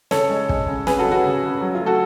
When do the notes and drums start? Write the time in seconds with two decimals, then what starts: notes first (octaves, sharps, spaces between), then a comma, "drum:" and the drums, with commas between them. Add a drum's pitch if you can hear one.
0.11 C#3 A4 C#5, drum: snare
0.30 G#3
0.49 G#3, drum: kick
0.68 C#3
0.87 B3 G#4 B4, drum: snare
0.98 F#4 A4
1.06 C#3
1.11 F#4
1.24 C#3
1.43 C#3
1.61 F#3
1.75 F4
1.80 A3
1.86 F#4 A4